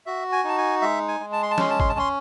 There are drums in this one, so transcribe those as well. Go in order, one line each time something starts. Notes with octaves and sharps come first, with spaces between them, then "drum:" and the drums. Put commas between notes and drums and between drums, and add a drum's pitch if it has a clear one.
F#4 E5
G#5
D#4 A5
G#5
G#3 E5
G#5
G#3
A5
C6
A5
C#4 C6, drum: snare
A5
C6, drum: kick
A5
C#4 C6